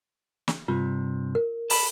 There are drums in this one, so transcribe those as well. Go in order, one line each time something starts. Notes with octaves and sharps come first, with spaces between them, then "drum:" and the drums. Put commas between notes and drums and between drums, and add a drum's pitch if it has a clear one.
drum: snare
G2 C3 F4
A#4
A5 B5, drum: open hi-hat